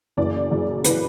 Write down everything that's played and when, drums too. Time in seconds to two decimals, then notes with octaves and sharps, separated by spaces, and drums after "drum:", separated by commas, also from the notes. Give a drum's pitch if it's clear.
0.17 F#1 F#2 C#3 E3 D5
0.50 F#1 F#2 C#3 E3
0.84 C#3 E3 B4, drum: hi-hat